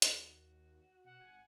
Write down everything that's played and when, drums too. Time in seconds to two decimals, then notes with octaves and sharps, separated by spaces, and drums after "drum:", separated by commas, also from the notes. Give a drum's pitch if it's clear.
0.02 D#2 F#4, drum: hi-hat
1.05 B2 F#5
1.20 G#1 G#5